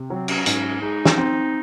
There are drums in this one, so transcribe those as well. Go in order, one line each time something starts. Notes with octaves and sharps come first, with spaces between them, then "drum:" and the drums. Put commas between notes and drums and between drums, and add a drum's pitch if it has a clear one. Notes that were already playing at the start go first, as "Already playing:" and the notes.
Already playing: C3
F#3 C4
C#4, drum: cymbal
G#2 C#4, drum: hi-hat
G#3 D#4
drum: snare
C4